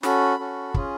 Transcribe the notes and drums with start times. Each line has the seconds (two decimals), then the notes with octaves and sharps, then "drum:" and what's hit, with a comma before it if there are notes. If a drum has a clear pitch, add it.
0.03 C#4 F#4 A4 B5, drum: snare
0.39 C#4 F#4 A4
0.74 C#4 F4 G#4, drum: kick